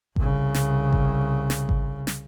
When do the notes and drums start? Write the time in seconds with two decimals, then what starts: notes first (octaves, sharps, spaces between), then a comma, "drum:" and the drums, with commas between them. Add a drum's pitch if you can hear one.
0.16 C2 C#3, drum: kick G#1
0.54 drum: snare
0.93 drum: kick G#1
1.50 drum: snare
1.69 drum: kick G#1
2.07 drum: snare